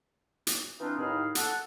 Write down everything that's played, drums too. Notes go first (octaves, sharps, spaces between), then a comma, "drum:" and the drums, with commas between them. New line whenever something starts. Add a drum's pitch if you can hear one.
drum: hi-hat
E3 C4 D4 D#4 F4
D#2 A2 D#4 G#4 F5
A4 F#5, drum: hi-hat